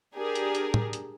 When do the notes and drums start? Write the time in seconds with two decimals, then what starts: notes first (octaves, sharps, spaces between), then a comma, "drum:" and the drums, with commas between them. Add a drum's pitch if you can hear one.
0.16 D4 G4 G#4 A#4
0.35 drum: hi-hat
0.55 drum: hi-hat
0.74 drum: tom
0.93 drum: hi-hat